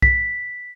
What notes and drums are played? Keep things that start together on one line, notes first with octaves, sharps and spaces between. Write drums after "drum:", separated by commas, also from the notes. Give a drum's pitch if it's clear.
B6, drum: kick B1